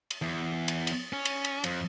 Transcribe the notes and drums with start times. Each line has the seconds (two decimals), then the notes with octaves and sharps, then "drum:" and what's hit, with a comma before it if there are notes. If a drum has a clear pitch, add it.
0.11 drum: cymbal
0.22 E2
0.68 drum: cymbal
0.87 drum: cymbal
1.13 C#4
1.25 drum: cymbal
1.45 drum: cymbal
1.64 F2, drum: cymbal